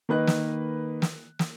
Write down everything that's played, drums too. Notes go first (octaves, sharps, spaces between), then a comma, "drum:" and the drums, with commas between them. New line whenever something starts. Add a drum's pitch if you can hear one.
D#3 A#3 B4 D#5 F#6
drum: snare
drum: snare
drum: snare